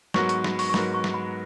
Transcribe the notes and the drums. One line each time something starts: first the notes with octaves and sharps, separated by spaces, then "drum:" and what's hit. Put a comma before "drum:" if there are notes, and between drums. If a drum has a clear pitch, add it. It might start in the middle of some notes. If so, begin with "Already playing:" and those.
G#2 F#3 B3 F#4 A#4 C#6, drum: snare
C#6, drum: hi-hat
B5, drum: snare
C#6, drum: open hi-hat
C#6
G#2 F#3 B3 F#4 A#4 B5, drum: snare
C#6
drum: snare
B5